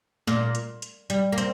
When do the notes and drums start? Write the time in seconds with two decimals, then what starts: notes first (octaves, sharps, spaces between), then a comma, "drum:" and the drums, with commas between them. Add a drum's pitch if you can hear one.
0.27 A#2, drum: snare
0.55 drum: hi-hat
0.82 drum: hi-hat
1.10 G3, drum: hi-hat
1.32 A#3
1.38 C4, drum: hi-hat